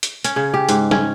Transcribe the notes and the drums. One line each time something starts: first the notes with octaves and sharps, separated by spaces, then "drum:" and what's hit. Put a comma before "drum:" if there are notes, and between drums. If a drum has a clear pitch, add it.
drum: hi-hat
C#4, drum: hi-hat
C#3
G4
G#2, drum: hi-hat
C#4, drum: snare